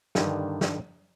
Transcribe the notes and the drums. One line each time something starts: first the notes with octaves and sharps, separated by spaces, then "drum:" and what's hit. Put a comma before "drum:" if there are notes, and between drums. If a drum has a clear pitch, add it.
G2 D3 D#3, drum: snare
drum: snare